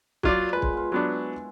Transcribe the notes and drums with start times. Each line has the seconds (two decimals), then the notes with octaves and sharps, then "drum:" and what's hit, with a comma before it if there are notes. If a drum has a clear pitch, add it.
0.23 A#2 F#3 F4 C#5 D5 C6, drum: kick
0.53 G#3 F4 B4
0.62 drum: kick
0.73 B3 F4
0.92 F#3 B3 D4 E4